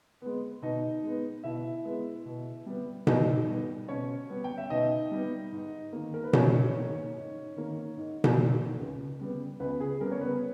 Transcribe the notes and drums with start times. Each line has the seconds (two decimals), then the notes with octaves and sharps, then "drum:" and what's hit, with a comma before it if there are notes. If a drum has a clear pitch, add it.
0.22 G#3 B3
0.62 B2 D#4 D#5
1.03 G#3 B3
1.44 B2 E4 E5
1.85 G#3 B3
2.25 B2
2.66 G3 B3
3.07 B2 D#4 D#5, drum: tom B2
3.48 G3 B3
3.88 B2 C#4 C#5
4.29 G3 B3
4.44 G5
4.58 E5
4.70 B2 D#4 D#5
5.11 G3 B3
5.52 G#2
5.93 D#3 A#3
6.14 A#4
6.24 B4
6.33 G#2 C#4 C#5, drum: tom B2
6.75 D#3 A#3
7.15 G#2
7.56 D#3 A#3
7.97 G#2
8.24 drum: tom B2
8.38 D#3 A#3
8.78 C#2
9.19 C#3 G3 B3
9.60 C#2 B3 B4
9.80 G#4
10.01 C#3 G3 B3 A#4
10.12 C#5
10.21 B3 B4